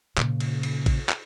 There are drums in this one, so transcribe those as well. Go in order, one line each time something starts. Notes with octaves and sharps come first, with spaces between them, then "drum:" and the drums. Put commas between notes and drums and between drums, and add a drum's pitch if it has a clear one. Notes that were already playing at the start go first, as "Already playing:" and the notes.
A#2 C#3, drum: clap
drum: cymbal
drum: cymbal
drum: kick A1, cymbal
drum: clap